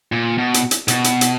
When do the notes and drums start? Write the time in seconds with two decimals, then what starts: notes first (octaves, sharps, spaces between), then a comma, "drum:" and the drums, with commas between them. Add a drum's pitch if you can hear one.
0.12 A#2
0.38 B2
0.54 drum: hi-hat
0.71 drum: hi-hat
0.88 B2, drum: hi-hat
1.04 drum: hi-hat
1.21 drum: hi-hat